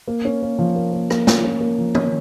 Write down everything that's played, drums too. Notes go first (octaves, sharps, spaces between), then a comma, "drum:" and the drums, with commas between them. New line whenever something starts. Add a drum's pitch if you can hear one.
A#3
C#4
A#3
F3
A#3
A#3
A#3, drum: rim click
C#4, drum: snare
C#4
A#3
F3
C#4, drum: tom